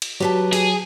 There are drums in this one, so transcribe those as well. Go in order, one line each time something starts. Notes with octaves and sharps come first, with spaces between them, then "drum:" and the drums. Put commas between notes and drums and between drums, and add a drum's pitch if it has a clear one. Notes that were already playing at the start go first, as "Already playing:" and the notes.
drum: cymbal
F#3 G4 B4 A5
G#4, drum: cymbal